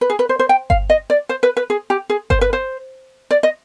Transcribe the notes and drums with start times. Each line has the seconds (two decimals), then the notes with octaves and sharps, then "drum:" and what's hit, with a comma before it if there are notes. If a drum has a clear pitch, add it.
0.01 B4
0.10 G#4
0.19 B4
0.29 C5
0.39 C5
0.49 G5
0.70 F5, drum: kick G1
0.90 D#5
1.10 D5
1.29 C5
1.43 B4
1.57 B4
1.70 G#4
1.90 G4
2.10 G#4
2.30 C5, drum: kick G1
2.41 B4
2.53 C5
3.31 D5
3.43 D#5